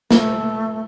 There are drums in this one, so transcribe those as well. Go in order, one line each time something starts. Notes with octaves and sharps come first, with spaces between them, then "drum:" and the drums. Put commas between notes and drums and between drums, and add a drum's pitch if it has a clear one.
A3, drum: snare